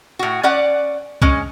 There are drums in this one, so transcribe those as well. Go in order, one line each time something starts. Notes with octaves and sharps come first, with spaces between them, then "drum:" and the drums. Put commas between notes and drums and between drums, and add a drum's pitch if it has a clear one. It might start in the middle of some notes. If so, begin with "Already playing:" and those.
A2 F#4
C#4 D5 F#5
G#3 C#4, drum: kick C2